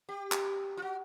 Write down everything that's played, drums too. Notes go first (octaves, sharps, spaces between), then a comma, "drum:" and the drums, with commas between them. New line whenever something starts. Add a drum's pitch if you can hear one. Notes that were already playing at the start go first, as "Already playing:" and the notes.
G4
drum: clap
F4
F#4